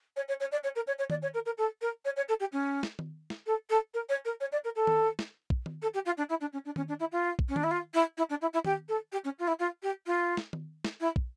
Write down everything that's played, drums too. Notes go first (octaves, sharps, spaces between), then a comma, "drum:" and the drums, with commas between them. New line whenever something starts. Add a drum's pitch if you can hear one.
C#5
C#5
C#5
D5
C#5
A#4
C#5
C#5
D5, drum: tom D#3
C#5
A#4
A#4
A4
A#4
C#5
C#5
A4
G4
C#4
drum: snare
drum: tom D#3
drum: snare
A4
A4
A#4
C#5
A#4
C#5
D5
A#4
A4
drum: tom D#3
drum: snare
drum: kick
drum: tom D#3
A4
G4
F4
D4
E4
D4
C#4
D4
C#4, drum: tom D#3
D4
E4
F4
drum: kick
C#4
D4, drum: tom D#3
E4
F4
E4
E4
D4
E4
E4
G4, drum: tom D#3
A4
G4
C#4
F4
E4
F4
G4
F4
drum: snare
drum: tom D#3
drum: snare
E4
drum: kick